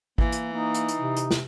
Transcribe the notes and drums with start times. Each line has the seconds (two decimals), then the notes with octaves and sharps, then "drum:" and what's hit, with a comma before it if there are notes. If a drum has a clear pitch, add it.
0.18 E3 A#3, drum: kick G#1
0.32 drum: hi-hat
0.53 A#3 D#4
0.74 drum: hi-hat
0.89 drum: hi-hat
0.99 C3
1.17 drum: hi-hat
1.31 drum: snare